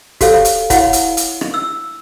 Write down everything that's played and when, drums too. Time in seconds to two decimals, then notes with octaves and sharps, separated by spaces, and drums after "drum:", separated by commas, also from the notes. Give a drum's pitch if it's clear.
0.21 F#4 G4 A4 C5 C#5 F5, drum: kick, hi-hat
0.45 drum: hi-hat
0.70 E4 F#4 C#5 F5 F#5 B5, drum: kick, hi-hat
0.93 drum: hi-hat
1.17 drum: hi-hat
1.41 drum: rim click
1.54 E6